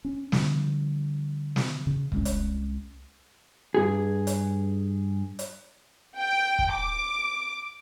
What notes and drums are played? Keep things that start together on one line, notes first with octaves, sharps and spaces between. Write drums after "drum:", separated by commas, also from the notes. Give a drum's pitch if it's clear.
C#4
D3 F3 G3, drum: snare
drum: snare
C#3
C2 G#3 C4 C#4, drum: kick
drum: hi-hat
G2 G#4
drum: hi-hat
drum: hi-hat
G5
drum: kick
D6